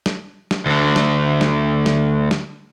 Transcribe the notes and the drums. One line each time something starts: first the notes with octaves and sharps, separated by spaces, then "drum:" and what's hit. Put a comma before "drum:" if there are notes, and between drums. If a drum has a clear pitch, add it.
drum: snare
drum: snare
D2 D3
drum: snare
drum: snare
drum: snare
drum: snare